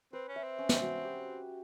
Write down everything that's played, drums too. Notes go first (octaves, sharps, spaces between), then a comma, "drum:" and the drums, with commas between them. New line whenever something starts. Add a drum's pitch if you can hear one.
C4 B4
C#4
E5
C4
C#4
drum: snare
F#4
G4